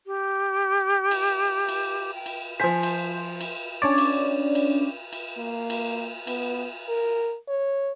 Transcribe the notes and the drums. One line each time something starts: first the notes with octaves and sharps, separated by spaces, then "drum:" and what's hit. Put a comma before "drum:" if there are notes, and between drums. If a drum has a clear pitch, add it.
G4
drum: cymbal
drum: cymbal
G5
drum: cymbal
F3 C5 G#5 B6
drum: cymbal
drum: cymbal
C#4 D4 C#5 D5
drum: cymbal
drum: cymbal
drum: cymbal
A#3
drum: cymbal
B3, drum: cymbal
A#4
C#5